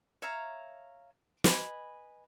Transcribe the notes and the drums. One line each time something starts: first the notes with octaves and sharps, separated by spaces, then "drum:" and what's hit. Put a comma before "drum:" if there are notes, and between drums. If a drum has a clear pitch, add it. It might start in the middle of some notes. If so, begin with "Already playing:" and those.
C#5 E5 F5 A#5
B4 D#5 G#5 B5, drum: snare